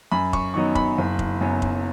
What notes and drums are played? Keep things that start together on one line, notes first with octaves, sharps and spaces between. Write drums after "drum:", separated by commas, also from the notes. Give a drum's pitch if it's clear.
F#2 B5
C#6, drum: kick
D#3 F#3 B3 D#4 C#6
B5, drum: kick
F#1
drum: kick
F#2 F#3 B3
drum: kick